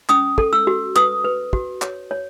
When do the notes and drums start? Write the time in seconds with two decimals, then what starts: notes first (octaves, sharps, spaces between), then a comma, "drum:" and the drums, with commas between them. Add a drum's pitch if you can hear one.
0.09 C#4 D#6, drum: clap
0.38 A4, drum: kick
0.53 E6
0.67 F#4
0.96 B4 D#6, drum: clap
1.25 B4
1.53 F#4, drum: kick
1.82 C#5, drum: clap
2.11 C#5